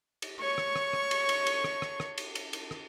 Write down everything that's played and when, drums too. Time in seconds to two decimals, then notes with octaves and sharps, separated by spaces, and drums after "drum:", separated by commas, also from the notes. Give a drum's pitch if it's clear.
0.22 drum: cymbal
0.40 C#5 C#6
0.58 drum: rim click
0.76 drum: rim click
0.93 drum: rim click
1.11 drum: cymbal
1.29 drum: cymbal
1.47 drum: cymbal
1.64 drum: rim click
1.82 drum: rim click
2.00 drum: rim click
2.18 drum: cymbal
2.35 drum: cymbal
2.53 drum: cymbal
2.71 drum: rim click